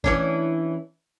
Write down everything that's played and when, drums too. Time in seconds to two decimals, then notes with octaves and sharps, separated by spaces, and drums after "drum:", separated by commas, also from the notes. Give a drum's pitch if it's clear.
0.04 E3 C#4 D4, drum: kick